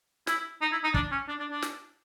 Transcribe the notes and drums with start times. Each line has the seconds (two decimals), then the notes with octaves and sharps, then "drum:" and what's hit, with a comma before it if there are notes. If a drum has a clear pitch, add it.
0.27 E4, drum: snare
0.61 D#4
0.72 E4
0.84 D#4
0.94 D4, drum: kick
1.11 C#4
1.28 D4
1.39 D4
1.51 D4
1.62 drum: snare